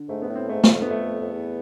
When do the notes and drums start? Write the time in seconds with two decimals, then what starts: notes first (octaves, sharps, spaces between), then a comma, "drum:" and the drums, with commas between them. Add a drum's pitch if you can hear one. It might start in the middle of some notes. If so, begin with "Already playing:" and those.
Already playing: D3
0.09 G#2 A3
0.22 G#2 B3
0.29 A2
0.35 C4
0.49 G#2 A3
0.64 G#2, drum: snare
0.70 F2
0.82 B3
0.90 A3
1.21 F2
1.32 E2